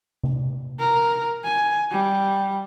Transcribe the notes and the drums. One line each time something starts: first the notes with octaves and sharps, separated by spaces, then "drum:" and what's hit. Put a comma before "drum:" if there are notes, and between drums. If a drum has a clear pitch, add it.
drum: tom C3
A#4
G#5
G3